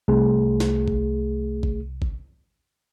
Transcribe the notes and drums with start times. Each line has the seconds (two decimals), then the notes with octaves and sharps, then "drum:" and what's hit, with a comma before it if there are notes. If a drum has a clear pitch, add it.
0.08 C2 A3 G#4
0.60 drum: snare
0.88 drum: kick G#1
1.63 drum: kick G#1
2.02 drum: kick G#1